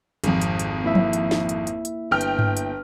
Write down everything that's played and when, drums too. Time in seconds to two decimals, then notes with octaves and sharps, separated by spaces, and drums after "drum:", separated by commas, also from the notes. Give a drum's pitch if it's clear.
0.24 G#1 F2, drum: hi-hat
0.41 drum: hi-hat
0.59 drum: hi-hat
0.84 A#3 E4 E5
0.95 drum: tom F3
1.13 drum: hi-hat
1.31 drum: snare
1.49 drum: hi-hat
1.67 drum: hi-hat
1.85 drum: hi-hat
2.11 G1 G5 F6
2.21 drum: hi-hat
2.39 drum: tom G2
2.57 drum: hi-hat